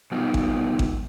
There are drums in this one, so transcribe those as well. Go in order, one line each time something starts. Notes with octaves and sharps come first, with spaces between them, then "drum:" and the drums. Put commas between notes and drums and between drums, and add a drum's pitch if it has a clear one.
G#2 B2 G3 B3 D#4 F4
drum: kick A1
drum: kick A1